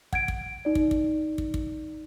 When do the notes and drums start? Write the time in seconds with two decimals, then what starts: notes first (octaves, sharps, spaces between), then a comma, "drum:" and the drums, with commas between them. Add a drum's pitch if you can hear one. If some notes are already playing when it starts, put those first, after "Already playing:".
0.13 F#5 G#6 D7, drum: kick
0.28 drum: kick
0.65 D#4 D5
0.75 drum: kick
0.91 drum: kick
1.38 drum: kick
1.54 drum: kick